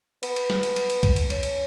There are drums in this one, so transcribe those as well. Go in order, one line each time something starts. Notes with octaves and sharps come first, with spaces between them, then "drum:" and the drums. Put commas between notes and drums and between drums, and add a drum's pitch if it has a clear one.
B3, drum: cymbal
drum: cymbal
drum: snare
drum: cymbal
drum: cymbal
drum: cymbal
drum: kick, cymbal
drum: cymbal
C#4, drum: cymbal
drum: cymbal